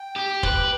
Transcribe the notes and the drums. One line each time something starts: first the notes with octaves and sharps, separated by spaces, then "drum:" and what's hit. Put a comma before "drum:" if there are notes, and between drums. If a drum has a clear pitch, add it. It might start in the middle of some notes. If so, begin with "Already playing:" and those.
Already playing: G5
G4
B4, drum: kick